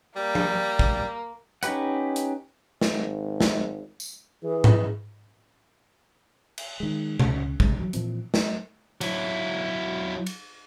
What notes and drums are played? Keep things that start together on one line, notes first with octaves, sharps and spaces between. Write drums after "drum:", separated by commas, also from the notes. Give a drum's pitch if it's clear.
G3 A#3
drum: tom F3
drum: kick
C#4 D#4 G4 B4 F#5, drum: hi-hat
drum: hi-hat
G#1, drum: snare
drum: snare
drum: tambourine
E3 G#4
drum: tom G#2
drum: cymbal
D#3 G#3
C#2 C#3, drum: tom B2
C3 G#3, drum: kick
E3 F#3
A#2 E3 F3 C4, drum: hi-hat
drum: snare
F#3 E4, drum: cymbal
drum: cymbal